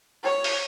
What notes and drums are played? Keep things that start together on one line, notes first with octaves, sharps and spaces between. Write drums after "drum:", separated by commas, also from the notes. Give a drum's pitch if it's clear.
C#5
drum: open hi-hat